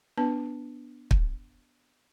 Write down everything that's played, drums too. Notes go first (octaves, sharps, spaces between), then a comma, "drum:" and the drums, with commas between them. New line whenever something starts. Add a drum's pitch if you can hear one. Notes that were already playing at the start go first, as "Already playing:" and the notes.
B3 D4 B4 A5
drum: kick